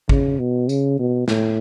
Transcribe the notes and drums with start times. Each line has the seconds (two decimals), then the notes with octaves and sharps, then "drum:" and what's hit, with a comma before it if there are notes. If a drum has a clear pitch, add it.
0.09 C#3, drum: kick G#1
0.39 B2
0.69 C#3, drum: tambourine
0.99 B2
1.28 A2, drum: snare